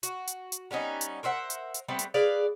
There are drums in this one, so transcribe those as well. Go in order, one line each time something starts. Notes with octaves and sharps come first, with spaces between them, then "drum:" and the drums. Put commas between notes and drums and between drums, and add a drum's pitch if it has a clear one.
F#4, drum: hi-hat
drum: hi-hat
drum: hi-hat
G3 B3 C#4 D#4
drum: hi-hat
A#4 C5 E5 F#5
drum: hi-hat
drum: hi-hat
G3 A3 B3 C4
drum: hi-hat
G#4 B4 D5 F5